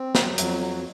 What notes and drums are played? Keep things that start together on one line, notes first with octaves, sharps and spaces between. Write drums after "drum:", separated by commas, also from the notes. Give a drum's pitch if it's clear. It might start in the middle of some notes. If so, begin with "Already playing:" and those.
Already playing: C4
F#3, drum: snare
F2, drum: hi-hat
F#3